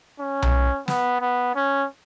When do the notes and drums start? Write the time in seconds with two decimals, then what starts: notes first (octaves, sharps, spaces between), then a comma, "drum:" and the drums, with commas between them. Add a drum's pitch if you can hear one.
0.20 C#4
0.42 drum: tom B1
0.88 B3, drum: snare
1.21 B3
1.55 C#4